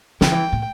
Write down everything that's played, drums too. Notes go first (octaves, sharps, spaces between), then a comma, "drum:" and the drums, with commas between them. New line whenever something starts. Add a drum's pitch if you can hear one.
D3 G5, drum: snare
E3
A2